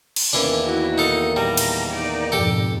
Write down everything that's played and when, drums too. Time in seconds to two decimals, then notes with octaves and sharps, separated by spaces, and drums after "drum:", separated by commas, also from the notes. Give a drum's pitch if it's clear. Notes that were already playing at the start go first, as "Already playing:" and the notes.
0.16 drum: cymbal
0.33 E2 D#3 E3 A#3 C#4 D4
0.62 E4 F#4
0.98 A#2 D#4 A4 A5
1.36 G3 A5 A#5
1.57 drum: cymbal
1.91 D#4 D5
2.32 F2 G#2 B2 G4 A4